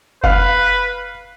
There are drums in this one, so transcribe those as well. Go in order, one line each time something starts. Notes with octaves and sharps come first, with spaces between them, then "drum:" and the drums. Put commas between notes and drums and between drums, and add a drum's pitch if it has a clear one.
B4 F5, drum: kick F#1